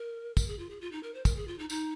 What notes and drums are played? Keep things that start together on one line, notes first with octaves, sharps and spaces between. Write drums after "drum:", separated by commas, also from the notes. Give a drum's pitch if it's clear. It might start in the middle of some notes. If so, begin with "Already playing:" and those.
Already playing: A#4
A#4, drum: kick, tambourine
G#4
F4
G#4
F4
D#4
A#4
C5
A#4, drum: kick, tambourine
G#4
F4
D#4
D#4, drum: tambourine